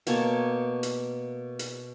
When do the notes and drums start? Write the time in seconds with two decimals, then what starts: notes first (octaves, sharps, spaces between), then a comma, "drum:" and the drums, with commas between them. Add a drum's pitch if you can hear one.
0.07 B2 A#3 C#5 A5, drum: hi-hat
0.83 drum: hi-hat
1.59 drum: hi-hat